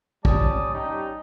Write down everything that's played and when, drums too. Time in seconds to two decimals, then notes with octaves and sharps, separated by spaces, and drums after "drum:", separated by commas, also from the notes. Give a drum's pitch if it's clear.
0.25 G3 C#4 D5 A5 D#6, drum: kick
0.74 G3 C#4 D#4 G4 G5